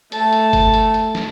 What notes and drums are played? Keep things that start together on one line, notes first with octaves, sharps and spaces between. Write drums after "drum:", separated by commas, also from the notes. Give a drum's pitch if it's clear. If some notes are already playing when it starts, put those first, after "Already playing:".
A3 A5, drum: hi-hat
drum: hi-hat
drum: kick F#1, hi-hat
drum: hi-hat
drum: hi-hat
drum: snare